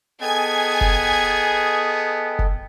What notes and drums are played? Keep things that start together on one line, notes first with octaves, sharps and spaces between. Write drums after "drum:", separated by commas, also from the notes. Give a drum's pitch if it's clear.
B3 G#4 A4 D#5 G5 G#5 G#6
drum: kick F1
drum: kick F1